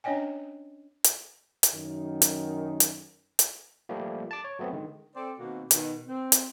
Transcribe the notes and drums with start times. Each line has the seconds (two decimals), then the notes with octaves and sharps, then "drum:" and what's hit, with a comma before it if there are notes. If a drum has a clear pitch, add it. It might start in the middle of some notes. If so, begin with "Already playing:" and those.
0.04 C#4 D4 C#5 D#5 G5 G#5
1.04 drum: hi-hat
1.63 drum: hi-hat
1.74 F#2 D#3
2.22 drum: hi-hat
2.80 drum: hi-hat
3.39 drum: hi-hat
3.89 F3 G3 A3 A#3
4.31 A5 D6
4.44 C#5
4.59 F#3 A3 B3 C4
4.73 D3 D#3 G#3
5.15 C4 A4 C5 D5
5.38 B2 D#3 A#3 C4 F#4
5.71 B2 D#3, drum: hi-hat
6.07 C4
6.32 drum: hi-hat